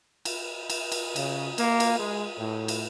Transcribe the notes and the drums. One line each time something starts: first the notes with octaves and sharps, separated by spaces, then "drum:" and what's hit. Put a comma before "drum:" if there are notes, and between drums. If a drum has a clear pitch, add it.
drum: cymbal
drum: cymbal
drum: cymbal
C#3, drum: cymbal
A#3, drum: cymbal
drum: cymbal
G#3
A2
drum: cymbal